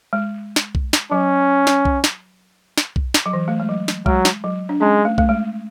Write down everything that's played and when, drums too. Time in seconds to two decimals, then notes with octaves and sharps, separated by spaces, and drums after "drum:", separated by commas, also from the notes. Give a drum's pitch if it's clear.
0.13 G#3
0.56 drum: snare
0.75 drum: kick B1
0.93 drum: snare
1.11 F#3 C#4
1.67 drum: snare
1.85 drum: kick B1
2.04 drum: snare
2.78 drum: snare
2.96 drum: kick B1
3.14 drum: snare
3.26 F#3
3.33 E3
3.48 A3
3.60 G#3
3.69 F#3
3.88 drum: snare
4.06 F#3 G#3, drum: kick B1
4.25 drum: snare
4.44 F#3
4.69 D4
4.81 G#3 C#4
5.05 A3
5.18 A3, drum: kick B1
5.29 G#3